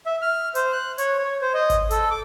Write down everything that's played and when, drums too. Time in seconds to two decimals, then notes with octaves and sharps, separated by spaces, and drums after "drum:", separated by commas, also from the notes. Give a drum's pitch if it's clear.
0.06 E5
0.22 F6
0.55 C5, drum: hi-hat
0.73 F#6
0.98 C#5, drum: hi-hat
1.18 C#5
1.41 C5
1.54 D#5
1.70 drum: kick G#1, hi-hat
1.91 A4, drum: hi-hat
2.11 D6